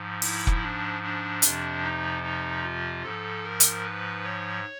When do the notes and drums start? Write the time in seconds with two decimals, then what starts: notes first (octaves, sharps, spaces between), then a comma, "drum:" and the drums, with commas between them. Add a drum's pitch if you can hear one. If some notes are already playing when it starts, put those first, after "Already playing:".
Already playing: G#2 F3
0.22 E4, drum: open hi-hat
0.47 drum: kick F1
0.62 D4
1.02 D4
1.42 F2 C3 F3, drum: hi-hat
1.83 D#4
2.23 D#4
2.63 F4
3.03 G#2 F3 A4
3.43 A#4
3.60 drum: hi-hat
3.83 B4
4.24 C#5